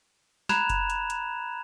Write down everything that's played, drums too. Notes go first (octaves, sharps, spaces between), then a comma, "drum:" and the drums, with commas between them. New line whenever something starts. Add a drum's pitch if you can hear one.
A#5 B5 F#6 G#6 E7 F7, drum: snare
drum: kick F#1, hi-hat
drum: hi-hat
drum: hi-hat